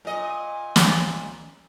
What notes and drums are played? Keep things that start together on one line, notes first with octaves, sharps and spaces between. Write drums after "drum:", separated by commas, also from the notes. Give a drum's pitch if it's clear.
A#2 D#5
drum: snare